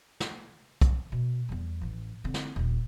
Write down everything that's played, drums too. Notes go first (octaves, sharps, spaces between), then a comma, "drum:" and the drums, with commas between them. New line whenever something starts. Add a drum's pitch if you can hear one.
drum: snare
drum: kick, hi-hat
B2
E2 G3
A1 E3
D3 C4
drum: snare
D#1 A3